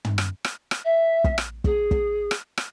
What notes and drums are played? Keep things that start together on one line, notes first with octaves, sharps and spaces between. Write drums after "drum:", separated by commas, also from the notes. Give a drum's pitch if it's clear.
drum: tom
drum: rim click
drum: rim click
drum: rim click
E5
drum: kick
drum: rim click
G#4, drum: kick
drum: kick
drum: rim click
drum: rim click